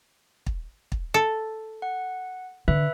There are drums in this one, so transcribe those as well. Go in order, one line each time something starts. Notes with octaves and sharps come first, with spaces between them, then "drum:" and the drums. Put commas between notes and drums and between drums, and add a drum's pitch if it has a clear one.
drum: kick
drum: kick
A4
F#5
D3 B4 E5